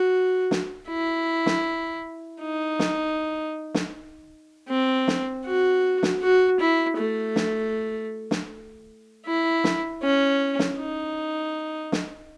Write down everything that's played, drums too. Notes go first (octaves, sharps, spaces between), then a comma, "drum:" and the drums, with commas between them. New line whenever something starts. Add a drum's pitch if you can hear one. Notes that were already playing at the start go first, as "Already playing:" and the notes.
Already playing: F#4
drum: snare
E4
drum: snare
D#4
drum: snare
drum: snare
C4
drum: snare
F#4
drum: snare
F#4
E4
A3
drum: snare
drum: snare
E4
drum: snare
C#4
drum: snare
D#4
drum: snare